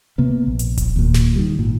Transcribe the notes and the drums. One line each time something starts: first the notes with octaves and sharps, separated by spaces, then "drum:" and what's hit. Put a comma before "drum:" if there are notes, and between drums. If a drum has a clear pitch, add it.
C3 A#3 B3
A#1
drum: hi-hat
drum: kick E1, hi-hat
D#2 A#2
drum: snare
D#3 G3
G#1 A#2